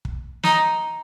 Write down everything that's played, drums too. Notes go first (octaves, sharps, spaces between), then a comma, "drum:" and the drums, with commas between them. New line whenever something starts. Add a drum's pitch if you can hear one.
drum: kick
D#4, drum: snare